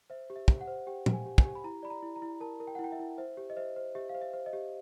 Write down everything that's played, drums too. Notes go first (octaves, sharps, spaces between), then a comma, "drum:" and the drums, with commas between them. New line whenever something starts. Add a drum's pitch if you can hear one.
C5 E5
G4
E5
G4, drum: kick
F#5
C5
G4 G5
G4, drum: tom
G#5
G4
G#5, drum: kick
G4
B5
E4 A#5
D5 B5
A#5
E4
A#5
E4
A#4 A5
A#4
G5
F#5
E4
G5
E5
E4
C5 E5
G4
D#5
C5 E5
C5
G4 E5
F5
C5
E5
C5
D#5
G4